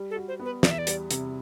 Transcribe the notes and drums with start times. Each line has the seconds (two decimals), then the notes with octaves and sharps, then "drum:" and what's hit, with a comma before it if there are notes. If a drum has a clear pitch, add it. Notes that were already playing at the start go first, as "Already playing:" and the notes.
Already playing: G3
0.11 A4
0.16 F#4
0.28 C5
0.39 B3
0.45 B4
0.63 E2 D5, drum: snare
0.71 E5
0.78 D5
0.87 G3, drum: hi-hat
1.11 C3, drum: hi-hat